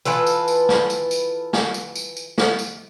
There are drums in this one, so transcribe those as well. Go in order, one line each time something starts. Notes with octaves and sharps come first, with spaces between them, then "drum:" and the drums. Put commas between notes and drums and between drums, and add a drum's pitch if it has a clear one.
E3 F4 A4 B4, drum: tambourine
drum: tambourine
drum: tambourine
drum: snare
drum: tambourine
drum: tambourine
drum: snare
drum: tambourine
drum: tambourine
drum: tambourine
drum: snare
drum: tambourine